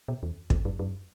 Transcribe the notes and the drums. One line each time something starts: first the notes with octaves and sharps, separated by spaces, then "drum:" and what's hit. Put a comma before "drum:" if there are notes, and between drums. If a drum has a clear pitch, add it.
B2
E2
E2, drum: kick
F#2
F#2